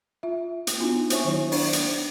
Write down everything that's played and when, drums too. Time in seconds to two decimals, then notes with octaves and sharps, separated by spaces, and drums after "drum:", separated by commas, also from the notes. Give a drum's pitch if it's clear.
0.23 F4 E5
0.67 drum: hi-hat
0.80 B3 D4 D#4 F4 F#4
1.10 C5 C#5 E5 G#5 C#6, drum: hi-hat
1.25 D#3 F#3 E4
1.52 D4 C5 D5 C#6, drum: open hi-hat
1.73 drum: hi-hat